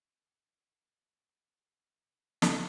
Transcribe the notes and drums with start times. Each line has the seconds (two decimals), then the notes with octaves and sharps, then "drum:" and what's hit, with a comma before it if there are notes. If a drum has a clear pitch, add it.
1.64 F#4 A#4
2.42 drum: snare